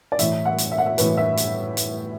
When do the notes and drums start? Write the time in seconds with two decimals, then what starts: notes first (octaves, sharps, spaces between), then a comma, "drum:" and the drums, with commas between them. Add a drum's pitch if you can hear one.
0.12 D5
0.19 A2 E3 E5, drum: hi-hat
0.45 F#5
0.58 drum: hi-hat
0.72 E5
0.78 F#5
0.86 E5
0.98 A2 E3 B4, drum: hi-hat
1.17 E5
1.37 drum: hi-hat
1.77 drum: hi-hat